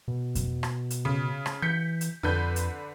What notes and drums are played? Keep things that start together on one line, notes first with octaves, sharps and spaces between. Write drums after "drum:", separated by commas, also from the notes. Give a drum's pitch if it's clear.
B2
drum: kick F2, hi-hat
drum: rim click
drum: hi-hat
C#3
drum: rim click
E3 G6 B6 C#7
drum: hi-hat
F2 D3 B4 G6
drum: hi-hat